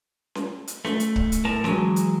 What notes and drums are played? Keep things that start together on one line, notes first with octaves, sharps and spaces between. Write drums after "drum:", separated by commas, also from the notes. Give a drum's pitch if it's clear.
drum: snare C#4
drum: hi-hat
A3, drum: snare C#4
drum: hi-hat
drum: kick C#1
drum: hi-hat
A2 A#4 A5
E3 F#3 G#3, drum: snare C#4
drum: hi-hat